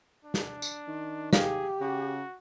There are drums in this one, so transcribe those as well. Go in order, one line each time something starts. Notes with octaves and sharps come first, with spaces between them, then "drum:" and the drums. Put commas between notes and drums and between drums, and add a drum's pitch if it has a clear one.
D4
drum: snare
drum: tambourine
D#3
G4 G#4 F5, drum: snare
C#3 F#4